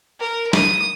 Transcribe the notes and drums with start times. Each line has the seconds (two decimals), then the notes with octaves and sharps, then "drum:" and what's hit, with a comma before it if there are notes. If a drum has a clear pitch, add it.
0.20 A#4
0.53 D#6, drum: snare